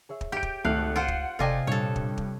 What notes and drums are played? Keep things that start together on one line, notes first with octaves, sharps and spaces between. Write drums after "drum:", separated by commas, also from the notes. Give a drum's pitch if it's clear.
G#4 C#5 E5
drum: kick
G4 G6 D7
drum: kick
G#1 C#2 A3 F5 F#6
F4 C5 F#5 D7
drum: kick
F#1 C3 F4 A4 D5 D#5 G5 G#5
G2 A#2 A4 C#5
drum: kick
drum: kick